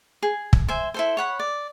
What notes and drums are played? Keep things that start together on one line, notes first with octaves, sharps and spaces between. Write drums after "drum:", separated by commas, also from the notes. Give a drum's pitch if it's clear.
G#4
drum: kick
C5 E5 G#5
E4 A4 C5
C#5 F#5 B5
D5